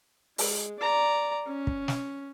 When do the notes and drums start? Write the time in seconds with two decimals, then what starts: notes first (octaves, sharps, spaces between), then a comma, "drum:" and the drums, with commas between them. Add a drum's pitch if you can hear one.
0.38 G#3, drum: open hi-hat
0.80 D5 A#5
1.47 C#4
1.67 drum: kick
1.88 drum: snare